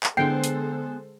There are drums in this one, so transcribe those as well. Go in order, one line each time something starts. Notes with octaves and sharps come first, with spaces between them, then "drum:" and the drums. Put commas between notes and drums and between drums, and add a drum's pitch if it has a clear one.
drum: clap
D3 G#3 B3 G#4 A4 C5 G5 C7
drum: hi-hat